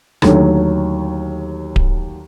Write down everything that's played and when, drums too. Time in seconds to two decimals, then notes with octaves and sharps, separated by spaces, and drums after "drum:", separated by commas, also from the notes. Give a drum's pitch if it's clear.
0.22 D#2 D3 D#3 F#3 A3, drum: rim click
1.76 drum: kick D1